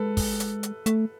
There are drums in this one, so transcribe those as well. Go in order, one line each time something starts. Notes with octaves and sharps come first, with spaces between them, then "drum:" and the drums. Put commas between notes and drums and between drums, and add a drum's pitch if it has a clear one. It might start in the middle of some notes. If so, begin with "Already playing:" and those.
Already playing: G#3 A4 B4
drum: kick, open hi-hat
drum: hi-hat
drum: hi-hat
A3, drum: hi-hat